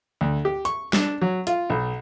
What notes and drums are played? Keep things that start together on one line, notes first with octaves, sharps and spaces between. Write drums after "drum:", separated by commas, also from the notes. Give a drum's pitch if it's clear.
D2
G4
C#6, drum: hi-hat
D4, drum: snare
F#3
F4, drum: hi-hat
B1